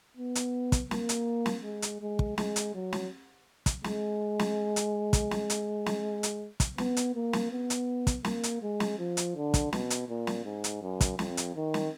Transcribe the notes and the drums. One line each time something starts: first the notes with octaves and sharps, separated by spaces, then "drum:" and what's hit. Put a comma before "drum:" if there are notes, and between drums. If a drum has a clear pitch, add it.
B3
drum: hi-hat
drum: kick, hi-hat
A#3, drum: snare
drum: hi-hat
drum: snare
G#3
drum: hi-hat
G#3
drum: kick
G#3, drum: snare
drum: hi-hat
F#3
drum: snare
drum: kick, hi-hat
G#3, drum: snare
drum: snare
drum: hi-hat
drum: kick, hi-hat
drum: snare
drum: hi-hat
drum: snare
drum: hi-hat
drum: kick, hi-hat
B3, drum: snare
drum: hi-hat
A#3
drum: snare
B3
drum: hi-hat
drum: kick, hi-hat
A#3, drum: snare
drum: hi-hat
G#3
drum: snare
F3
drum: hi-hat
D3
drum: kick, hi-hat
B2, drum: snare
drum: hi-hat
A#2
drum: snare
G#2
drum: hi-hat
F#2
drum: kick, hi-hat
F2, drum: snare
drum: hi-hat
D#3
drum: snare